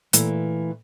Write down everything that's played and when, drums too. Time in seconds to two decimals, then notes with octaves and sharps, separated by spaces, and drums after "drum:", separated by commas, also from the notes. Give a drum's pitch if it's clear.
0.13 A#2 E3 A3, drum: hi-hat